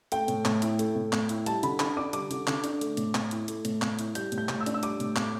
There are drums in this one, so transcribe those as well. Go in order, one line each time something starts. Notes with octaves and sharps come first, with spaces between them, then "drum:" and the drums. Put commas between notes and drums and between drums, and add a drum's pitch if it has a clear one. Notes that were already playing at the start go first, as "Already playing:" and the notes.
A3 G5, drum: hi-hat
A2, drum: hi-hat
A2, drum: clap
E4, drum: hi-hat
A3, drum: hi-hat
A2
A2, drum: clap
E4, drum: hi-hat
G3 A5, drum: hi-hat
D3 B5, drum: hi-hat
D3 B5, drum: clap
D4 D6
G3 D6, drum: hi-hat
D3, drum: hi-hat
D3, drum: clap
D4, drum: hi-hat
A3, drum: hi-hat
A2, drum: hi-hat
A2, drum: clap
E4, drum: hi-hat
A3, drum: hi-hat
A2, drum: hi-hat
A2, drum: clap
E4, drum: hi-hat
G3 G6, drum: hi-hat
A2, drum: hi-hat
G6
A2, drum: clap
E6
D4, drum: hi-hat
E6
G3 D6, drum: hi-hat
A2, drum: hi-hat
A2, drum: clap